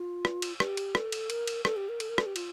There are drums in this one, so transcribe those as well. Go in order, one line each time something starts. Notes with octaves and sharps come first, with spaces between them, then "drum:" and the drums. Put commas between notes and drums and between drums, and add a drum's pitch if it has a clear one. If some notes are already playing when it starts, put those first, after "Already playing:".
Already playing: F4
drum: rim click
drum: cymbal
G4, drum: rim click
drum: cymbal
A4, drum: rim click
drum: cymbal
A#4, drum: cymbal
drum: cymbal
A4, drum: rim click
G4
A#4
A4, drum: cymbal
A#4
A4, drum: rim click
G4
F4, drum: cymbal